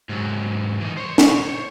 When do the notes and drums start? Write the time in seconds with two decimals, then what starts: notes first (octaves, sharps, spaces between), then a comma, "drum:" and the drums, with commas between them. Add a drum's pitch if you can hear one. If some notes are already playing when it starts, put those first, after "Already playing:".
0.09 G#2 F#3
0.81 E3 D#4
0.97 C5 C#5
1.18 drum: snare